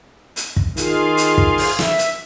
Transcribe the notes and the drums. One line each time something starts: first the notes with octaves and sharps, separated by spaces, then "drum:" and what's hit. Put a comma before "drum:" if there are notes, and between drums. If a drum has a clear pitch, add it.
drum: hi-hat
drum: kick
D#3 F4 G#4 F5, drum: hi-hat
drum: hi-hat
drum: kick
drum: open hi-hat
E5, drum: snare
drum: hi-hat